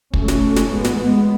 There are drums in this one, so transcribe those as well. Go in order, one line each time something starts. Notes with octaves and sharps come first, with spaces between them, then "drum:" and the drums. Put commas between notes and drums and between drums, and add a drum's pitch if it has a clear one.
B1 B2 A3 C#4, drum: kick
drum: snare
drum: snare
A1 G#2 G#3 B3
drum: snare
G#3 B3